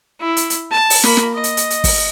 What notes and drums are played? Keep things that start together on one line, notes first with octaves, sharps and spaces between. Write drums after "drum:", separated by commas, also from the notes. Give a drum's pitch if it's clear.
E4
drum: hi-hat
drum: hi-hat
A5
drum: open hi-hat
A#3 B5, drum: snare
drum: snare
D#5
drum: hi-hat
drum: hi-hat
drum: hi-hat
drum: kick, open hi-hat